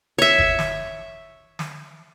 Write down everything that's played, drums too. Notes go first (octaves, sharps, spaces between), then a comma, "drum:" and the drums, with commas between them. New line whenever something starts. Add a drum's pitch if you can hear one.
C#5 E5
drum: kick
drum: snare
drum: snare